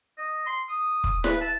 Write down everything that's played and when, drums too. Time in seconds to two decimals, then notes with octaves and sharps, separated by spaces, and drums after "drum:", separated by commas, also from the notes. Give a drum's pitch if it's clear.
0.18 D#5
0.46 C6
0.69 D#6
1.04 drum: kick
1.24 B4, drum: snare E4
1.41 A5